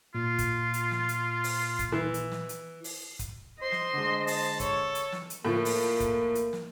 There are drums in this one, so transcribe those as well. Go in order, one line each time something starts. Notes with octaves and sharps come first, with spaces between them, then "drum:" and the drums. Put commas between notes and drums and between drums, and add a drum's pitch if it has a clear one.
A#2 F4
drum: kick, hi-hat
drum: hi-hat
drum: snare
drum: hi-hat
drum: open hi-hat
drum: kick, hi-hat
E3
drum: hi-hat
drum: snare
drum: hi-hat
drum: open hi-hat
drum: kick, hi-hat
C5 D#5 C6
drum: snare
D3 G#3
A5, drum: open hi-hat
A4 C#5, drum: kick, hi-hat
drum: hi-hat
drum: snare
drum: hi-hat
A2 F3 A#3
drum: open hi-hat
drum: kick, hi-hat
drum: hi-hat
drum: snare